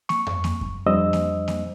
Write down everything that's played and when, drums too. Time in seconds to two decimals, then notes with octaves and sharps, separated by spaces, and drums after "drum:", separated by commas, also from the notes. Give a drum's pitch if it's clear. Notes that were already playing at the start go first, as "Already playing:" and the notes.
0.09 C#6, drum: snare A#3
0.27 drum: tom F2
0.44 drum: snare A#3
0.61 drum: kick F#2
0.86 F2 G3 D4 C5 D#5 E6
1.13 drum: snare A#3
1.48 drum: snare A#3